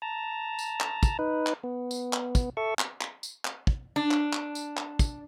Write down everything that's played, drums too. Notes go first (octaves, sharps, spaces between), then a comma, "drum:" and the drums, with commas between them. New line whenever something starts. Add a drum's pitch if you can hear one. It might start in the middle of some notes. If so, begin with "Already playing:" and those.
A5 A#5
drum: tambourine
drum: clap
drum: kick, tambourine
D#4 B4
drum: clap
B3
drum: tambourine
drum: clap
drum: kick, tambourine
A4 E5 C#6
drum: clap
drum: clap
drum: tambourine
drum: clap
drum: kick
D4
drum: clap
drum: clap
drum: tambourine
drum: clap
drum: kick, tambourine